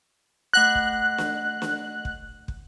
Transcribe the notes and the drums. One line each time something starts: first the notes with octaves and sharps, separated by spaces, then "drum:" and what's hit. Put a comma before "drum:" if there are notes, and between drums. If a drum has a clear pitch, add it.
A3 F#5 F#6 A#6
drum: kick
drum: snare
drum: snare
drum: kick
drum: kick